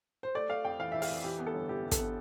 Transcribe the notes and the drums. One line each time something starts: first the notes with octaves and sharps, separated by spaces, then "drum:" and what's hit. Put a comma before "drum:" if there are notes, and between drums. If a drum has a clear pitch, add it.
C5
A3 D5
A3 F5
F2 G5
E3 F5
E3 E5
F5, drum: open hi-hat
F2
E3 G4
B3
A4
G1
E3 G4
G2
A4, drum: kick, hi-hat
B3